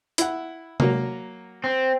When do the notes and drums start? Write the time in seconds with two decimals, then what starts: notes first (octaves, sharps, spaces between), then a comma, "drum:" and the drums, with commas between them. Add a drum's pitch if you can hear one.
0.18 E4 F#5, drum: hi-hat
0.80 F#3 A#3, drum: tom C3
1.64 C4